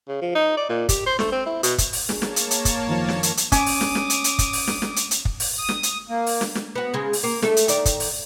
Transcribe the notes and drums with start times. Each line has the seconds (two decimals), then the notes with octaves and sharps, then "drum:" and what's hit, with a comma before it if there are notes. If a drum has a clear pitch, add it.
0.08 C#3
0.22 F3
0.35 D#4
0.57 D5
0.69 A#2
0.89 G4, drum: kick, hi-hat
1.06 C5
1.19 A3, drum: snare
1.32 C4
1.46 E4
1.63 B2, drum: hi-hat
1.78 drum: kick, hi-hat
1.93 drum: open hi-hat
2.09 A#3 G#4 C#5 A5, drum: snare
2.22 drum: snare
2.36 drum: hi-hat
2.51 drum: hi-hat
2.65 drum: kick, hi-hat
2.87 F#2 D#3 F3
3.08 drum: snare
3.23 drum: hi-hat
3.37 drum: hi-hat
3.52 C#4 D6 D#6, drum: kick, hi-hat
3.66 drum: open hi-hat
3.81 drum: snare
3.95 drum: snare
4.10 drum: hi-hat
4.24 drum: hi-hat
4.39 drum: kick, hi-hat
4.53 drum: open hi-hat
4.67 drum: snare
4.82 drum: snare
4.96 drum: hi-hat
5.11 drum: hi-hat
5.25 drum: kick
5.40 drum: open hi-hat
5.58 D#6
5.69 drum: snare
5.83 drum: hi-hat
6.09 A#3
6.26 drum: open hi-hat
6.41 drum: snare
6.55 drum: snare
6.75 B3 F#4
6.94 C#3 G#3
7.13 drum: open hi-hat
7.23 A#3
7.42 A3 A4, drum: snare
7.57 drum: hi-hat
7.68 D#3 D5, drum: hi-hat
7.85 drum: kick, hi-hat
8.00 drum: open hi-hat